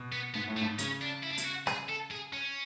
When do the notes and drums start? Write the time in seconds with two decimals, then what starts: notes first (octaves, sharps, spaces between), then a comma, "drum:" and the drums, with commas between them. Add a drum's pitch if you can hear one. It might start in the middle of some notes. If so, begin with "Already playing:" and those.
Already playing: B2
0.12 B3
0.34 G#2 B3
0.47 A2
0.56 A3
0.61 G#2
0.78 C#3 C#4, drum: hi-hat
1.01 D4
1.23 E4
1.30 D4
1.38 E4, drum: hi-hat
1.44 F#4
1.67 G#4, drum: rim click
1.89 A4
2.11 G#4
2.33 C#4